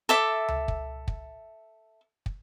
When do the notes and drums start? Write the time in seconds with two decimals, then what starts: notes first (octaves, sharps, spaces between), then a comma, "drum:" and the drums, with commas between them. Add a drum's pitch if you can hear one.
0.09 A4 E5 D6
0.48 drum: tom C#2
0.68 drum: kick
1.08 drum: kick
2.26 drum: kick